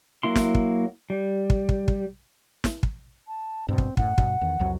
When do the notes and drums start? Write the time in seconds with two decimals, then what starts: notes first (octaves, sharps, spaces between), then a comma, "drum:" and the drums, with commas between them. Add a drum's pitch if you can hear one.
0.23 F#3 A#3 E4 C6
0.36 drum: snare
0.55 drum: kick
1.10 G3
1.50 drum: kick
1.69 drum: kick
1.88 drum: kick
2.64 drum: snare
2.83 drum: kick
3.28 A5
3.68 G2 B2 C4
3.78 drum: kick
3.97 F#2 A2 F#5, drum: kick
4.18 G2 B2, drum: kick
4.41 E2 D#3
4.59 C2 F2 F#3